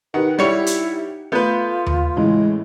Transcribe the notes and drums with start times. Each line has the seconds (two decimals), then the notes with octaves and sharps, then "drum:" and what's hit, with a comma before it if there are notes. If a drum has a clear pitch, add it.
0.14 D#3 D#4 G4 B4 F#5
0.39 G3 E4 C#5
0.66 drum: hi-hat
1.32 A3 B3 F4 B4 G6
1.86 drum: tom D#2
2.16 A2 C#3 E3 G#3